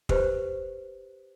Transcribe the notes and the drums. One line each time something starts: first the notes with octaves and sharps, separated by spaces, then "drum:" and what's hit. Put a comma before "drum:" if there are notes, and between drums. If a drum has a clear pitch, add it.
G4 B4 C5, drum: kick